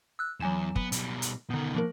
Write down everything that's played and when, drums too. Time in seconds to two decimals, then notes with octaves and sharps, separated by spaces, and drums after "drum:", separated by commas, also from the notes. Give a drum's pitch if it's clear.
0.19 E6 F#6
0.40 E2 F#3 G#5 E7
0.76 B3, drum: kick
0.92 B2 G3, drum: hi-hat
1.22 drum: hi-hat
1.50 B2 D3 D#3 B3
1.75 F3 A#3 A#4